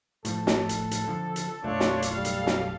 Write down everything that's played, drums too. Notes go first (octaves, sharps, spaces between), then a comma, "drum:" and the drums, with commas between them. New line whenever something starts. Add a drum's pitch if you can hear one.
A2 F3 A4, drum: hi-hat
drum: snare
drum: hi-hat
drum: hi-hat
D3 F3
drum: hi-hat
B1 F#2 A3 D4 F4 C#5
drum: snare
drum: hi-hat
G3 A4 F5
drum: hi-hat
drum: snare